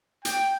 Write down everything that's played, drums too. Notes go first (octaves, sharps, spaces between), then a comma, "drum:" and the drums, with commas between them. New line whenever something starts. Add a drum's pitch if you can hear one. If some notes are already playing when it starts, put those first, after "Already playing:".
G5, drum: hi-hat